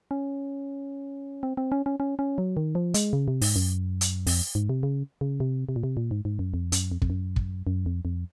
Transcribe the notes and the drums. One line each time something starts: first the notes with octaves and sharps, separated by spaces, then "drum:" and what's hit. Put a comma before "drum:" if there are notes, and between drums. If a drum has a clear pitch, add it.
C#4
C4
C4
C#4
C#4
C#4
C#4
F#3
D#3
F3
G#3, drum: hi-hat
C#3
C3
G#2, drum: open hi-hat
F#2
drum: hi-hat
F2, drum: open hi-hat
G#2
C3
C#3
C#3
C3
C3
A#2
C3
A#2
G#2
G#2
F#2
F2
F#2, drum: hi-hat
F2
F2, drum: kick
F#2
drum: kick
F#2
F2
F2